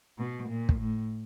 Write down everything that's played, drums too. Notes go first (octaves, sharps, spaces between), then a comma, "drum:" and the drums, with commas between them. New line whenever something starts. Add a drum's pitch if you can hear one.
B2
A#2
drum: kick
A2